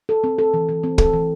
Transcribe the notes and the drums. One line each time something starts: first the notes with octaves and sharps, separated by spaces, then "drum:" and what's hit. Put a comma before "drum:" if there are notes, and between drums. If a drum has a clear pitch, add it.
A4
C4
A4
E3
E3
C4
A4, drum: kick
E3